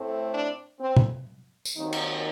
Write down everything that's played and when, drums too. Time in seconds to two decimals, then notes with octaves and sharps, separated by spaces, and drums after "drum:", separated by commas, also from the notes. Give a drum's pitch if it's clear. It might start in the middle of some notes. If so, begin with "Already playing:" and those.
Already playing: A2 A3 C4
0.32 D4
0.79 C4
0.96 drum: tom A#2
1.65 drum: tambourine
1.76 D#2 D#3 F#3 C4 D#4
1.93 drum: cymbal